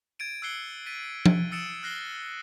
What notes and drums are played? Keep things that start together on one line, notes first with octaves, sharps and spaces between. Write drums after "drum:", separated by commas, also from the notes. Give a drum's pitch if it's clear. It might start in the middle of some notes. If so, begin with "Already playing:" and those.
G#6 A6 D7 D#7
E6 F#6 G#6 C7 C#7 G7
A6 B6 D#7
drum: tom F3
D#6 E6 A6 C#7 D7 E7
F6 F#6 A#6 C7 G7